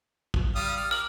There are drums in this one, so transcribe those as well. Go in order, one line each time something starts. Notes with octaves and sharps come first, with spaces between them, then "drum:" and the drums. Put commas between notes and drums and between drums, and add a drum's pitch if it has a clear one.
drum: kick
G3 F5 D#6
F6
A#4 D6 F6 F#7